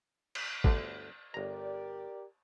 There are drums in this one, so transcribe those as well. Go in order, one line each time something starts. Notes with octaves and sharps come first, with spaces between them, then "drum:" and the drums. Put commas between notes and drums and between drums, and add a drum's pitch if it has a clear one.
drum: cymbal
G1 D2 D3, drum: kick
G1 G4 A#4 D5 A#5